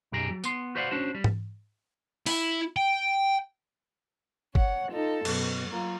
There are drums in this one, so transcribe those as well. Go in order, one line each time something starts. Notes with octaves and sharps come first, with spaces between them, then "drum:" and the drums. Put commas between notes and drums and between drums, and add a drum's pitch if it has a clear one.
B1 F#2 G4 G#4 A#5
F#3
B3 C6, drum: tambourine
F#4 B4 C5 D5 F5 F#5
C#4 D4 F#4 C5
G3
drum: tom G#2
E4, drum: open hi-hat
G5
C#5 F#5, drum: kick
D#4 F4 A4
F#2 B2, drum: cymbal
F#3 A#3 F4